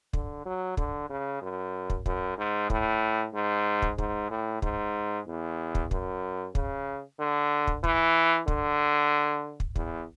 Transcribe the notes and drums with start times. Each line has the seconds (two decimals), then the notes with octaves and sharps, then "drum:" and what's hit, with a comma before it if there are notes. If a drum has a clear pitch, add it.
0.13 D3, drum: kick
0.45 F#3
0.77 D3, drum: kick
1.09 C#3
1.42 F#2
1.90 drum: kick
2.06 F#2, drum: kick
2.38 G#2
2.70 A2, drum: kick
3.34 G#2
3.82 drum: kick
3.98 G#2, drum: kick
4.30 A2
4.62 G#2, drum: kick
5.27 E2
5.75 drum: kick
5.91 F#2, drum: kick
6.55 C#3, drum: kick
7.20 D3
7.67 drum: kick
7.84 E3, drum: kick
8.48 D3, drum: kick
9.60 drum: kick
9.76 E2, drum: kick